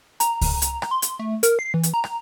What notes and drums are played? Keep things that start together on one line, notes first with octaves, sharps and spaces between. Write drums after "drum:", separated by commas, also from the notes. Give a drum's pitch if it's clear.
A#5, drum: hi-hat
drum: kick C#2, open hi-hat
drum: hi-hat
drum: rim click
C6
drum: hi-hat
A3
A#4, drum: hi-hat
C7
E3
drum: hi-hat
A#5
drum: rim click